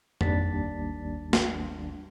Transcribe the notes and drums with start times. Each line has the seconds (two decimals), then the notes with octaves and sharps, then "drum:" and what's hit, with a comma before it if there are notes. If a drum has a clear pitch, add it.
0.21 G#1 D#2 G3 D4 A6 B6, drum: tom F2
1.33 drum: snare